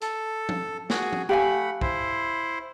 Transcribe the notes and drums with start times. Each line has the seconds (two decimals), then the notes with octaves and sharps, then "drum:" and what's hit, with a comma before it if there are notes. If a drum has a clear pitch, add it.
0.02 A4, drum: hi-hat
0.49 drum: tom F3
0.90 F#4 G#4, drum: snare
1.13 drum: tom F3
1.29 A3 G4 F5 F#5 G#5 B5
1.81 E4 C5, drum: kick